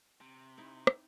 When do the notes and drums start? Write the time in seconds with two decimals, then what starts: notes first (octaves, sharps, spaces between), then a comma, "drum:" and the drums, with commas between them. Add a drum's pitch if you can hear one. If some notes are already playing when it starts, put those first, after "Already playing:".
0.21 C3
0.58 C4 D#4 E4
0.87 drum: rim click